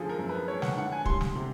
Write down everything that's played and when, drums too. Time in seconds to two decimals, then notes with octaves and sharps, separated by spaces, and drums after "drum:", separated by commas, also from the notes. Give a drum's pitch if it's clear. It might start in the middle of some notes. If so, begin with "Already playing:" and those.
Already playing: F#2 D3 F3 G#3 G#4 A4
0.09 A#4
0.19 F#2
0.29 B4
0.48 G#3 C#5
0.62 F#5, drum: snare
0.77 D3 F#5
0.92 G#5
1.06 G3 C6, drum: kick
1.21 drum: snare
1.35 C3